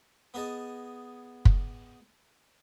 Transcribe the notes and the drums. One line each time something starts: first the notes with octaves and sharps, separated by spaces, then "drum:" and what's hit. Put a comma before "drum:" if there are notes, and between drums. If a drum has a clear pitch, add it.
B3 G#4 D#5 A5
drum: kick